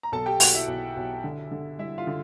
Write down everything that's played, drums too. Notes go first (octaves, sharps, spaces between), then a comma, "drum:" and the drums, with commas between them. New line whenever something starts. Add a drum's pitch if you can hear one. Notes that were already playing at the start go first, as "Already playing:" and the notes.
A#5
B1 A4 A5
G4 G5
B1 F#4 F#5, drum: open hi-hat
E4 E5
B1
B1
D3
D3
G3 E4 E5
F4 F5
D3